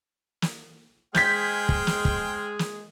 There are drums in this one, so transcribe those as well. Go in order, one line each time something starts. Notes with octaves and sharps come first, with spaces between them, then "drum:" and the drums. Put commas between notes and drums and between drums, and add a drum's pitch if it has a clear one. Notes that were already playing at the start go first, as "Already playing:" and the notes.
drum: snare
G#3 G#4 C5 G5 F6 G6 G#6 B6, drum: snare
drum: kick
drum: snare
drum: kick
drum: snare